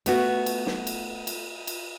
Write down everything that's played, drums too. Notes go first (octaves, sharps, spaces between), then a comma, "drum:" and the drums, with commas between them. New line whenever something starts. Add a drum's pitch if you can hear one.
A3 B3 F#4, drum: cymbal
drum: cymbal
drum: snare
drum: cymbal
drum: cymbal
drum: cymbal